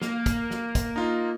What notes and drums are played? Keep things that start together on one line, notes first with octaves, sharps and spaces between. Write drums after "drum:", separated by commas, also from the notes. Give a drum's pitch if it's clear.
A#3, drum: snare
drum: kick, hi-hat
drum: snare
drum: kick, hi-hat
D#4 F4